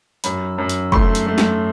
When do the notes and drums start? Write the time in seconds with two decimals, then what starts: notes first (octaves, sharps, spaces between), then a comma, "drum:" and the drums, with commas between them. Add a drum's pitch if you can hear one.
0.24 F#2 B5, drum: hi-hat
0.58 F#2
0.70 drum: hi-hat
0.92 A3 C6, drum: kick
1.15 drum: hi-hat
1.27 A3
1.38 drum: snare